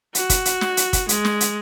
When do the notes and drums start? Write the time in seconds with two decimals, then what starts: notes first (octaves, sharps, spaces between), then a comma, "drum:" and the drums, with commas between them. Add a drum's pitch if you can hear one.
0.15 F#4, drum: hi-hat
0.30 drum: kick, hi-hat
0.45 drum: hi-hat
0.61 drum: snare
0.77 drum: hi-hat
0.93 drum: kick, hi-hat
1.09 G#3, drum: hi-hat
1.25 drum: snare
1.40 drum: hi-hat